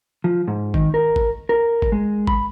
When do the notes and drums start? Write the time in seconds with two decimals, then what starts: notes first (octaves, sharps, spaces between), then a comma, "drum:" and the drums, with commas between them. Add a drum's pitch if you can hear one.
0.24 F3
0.48 G#2
0.74 D#3, drum: kick
0.94 A#4
1.16 drum: kick
1.49 A#4
1.82 drum: kick
1.92 G#3
2.27 B5, drum: kick